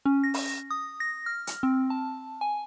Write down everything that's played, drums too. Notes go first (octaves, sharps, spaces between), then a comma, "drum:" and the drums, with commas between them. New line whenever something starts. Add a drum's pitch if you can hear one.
C#4
A#6
drum: open hi-hat
D#6
A#6
F6
drum: hi-hat
C4
A5
G#5